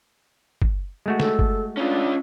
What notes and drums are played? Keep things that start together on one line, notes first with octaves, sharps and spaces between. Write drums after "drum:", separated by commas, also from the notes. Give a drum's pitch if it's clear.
drum: kick
G#3 A3 F#4
A4, drum: snare
drum: kick
C#4 D4 F4